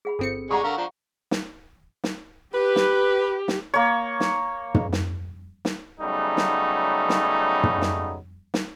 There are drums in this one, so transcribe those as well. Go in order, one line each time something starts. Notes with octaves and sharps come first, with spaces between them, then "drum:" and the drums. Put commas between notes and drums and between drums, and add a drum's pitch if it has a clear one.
G#4 F#5 B5
G1 C4 A4 C#7
G#3 G#4 D5 F#5 A#5 C#6
D3 A#4 F5
F3 D4
drum: snare
drum: snare
G4 B4
drum: snare
drum: snare
A#3 C#5
drum: snare
drum: tom
drum: snare
drum: snare
C#3 F#3 G3 A3 B3 D#4
drum: snare
drum: snare
drum: tom
drum: snare
drum: snare